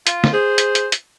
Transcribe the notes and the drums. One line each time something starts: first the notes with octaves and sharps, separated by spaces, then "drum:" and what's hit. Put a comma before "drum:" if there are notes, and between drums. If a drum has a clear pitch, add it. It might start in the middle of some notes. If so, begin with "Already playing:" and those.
F4, drum: hi-hat
drum: snare
G#4 C5
drum: hi-hat
drum: hi-hat
drum: hi-hat